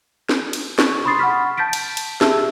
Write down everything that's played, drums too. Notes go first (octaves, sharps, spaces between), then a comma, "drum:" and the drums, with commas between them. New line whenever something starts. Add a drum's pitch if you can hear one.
drum: snare
drum: cymbal
C#6, drum: snare
B5 C6 D#6 A6 C7
F#5 B5 C#6 F6 B6
A5 G6 A6 B6 D7
drum: cymbal
drum: cymbal
G4 G#4 E5 A5 E6, drum: snare